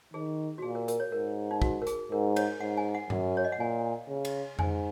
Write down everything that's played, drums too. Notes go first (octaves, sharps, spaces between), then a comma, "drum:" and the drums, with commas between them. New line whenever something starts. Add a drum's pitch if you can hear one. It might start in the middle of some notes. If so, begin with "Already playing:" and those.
D#3 G#4
F#4
A#2 G#4
A#4
A#4, drum: hi-hat
C#5
G#2 A#4
D#4
F#4, drum: kick
A#4
G#4, drum: hi-hat
G#2 A#4
C#5, drum: cymbal
G#2 F#5
G#5
F#5
F#2, drum: tom G2
C#5
D#5
F#5
A#2 G#5
C#3
drum: cymbal
G#2 G#5, drum: tom F2